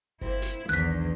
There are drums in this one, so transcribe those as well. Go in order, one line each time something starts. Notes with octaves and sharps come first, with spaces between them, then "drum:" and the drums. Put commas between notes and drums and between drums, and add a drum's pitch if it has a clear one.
A#3 C4 E4, drum: kick G1
drum: snare
B1 E2 D#3 E3 D4 F#6 B6